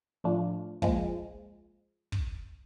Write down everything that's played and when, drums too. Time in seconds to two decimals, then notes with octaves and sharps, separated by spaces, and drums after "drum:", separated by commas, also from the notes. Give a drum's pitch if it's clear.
0.24 A2 F3 A3 D4 F4
0.82 A#2 F3 G#3, drum: kick
2.12 drum: kick